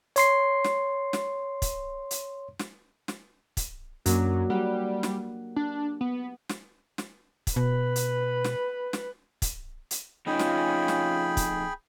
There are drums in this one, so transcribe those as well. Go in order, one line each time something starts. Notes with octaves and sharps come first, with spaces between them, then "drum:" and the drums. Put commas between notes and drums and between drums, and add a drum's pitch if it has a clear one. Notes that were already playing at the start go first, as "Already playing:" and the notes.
C#5 C6 C7, drum: hi-hat
drum: snare
drum: snare
drum: kick, hi-hat
drum: hi-hat
drum: snare
drum: snare
drum: kick, hi-hat
F#2 F#3 A#3 D4, drum: hi-hat
G3 G4 F#5
drum: snare
D4
B3
drum: snare
drum: snare
drum: kick, hi-hat
B2 B4
drum: hi-hat
drum: snare
drum: snare
drum: kick, hi-hat
drum: hi-hat
F2 C#4 D#4 F4 G#4 G5 B5
drum: snare
drum: snare
drum: kick, hi-hat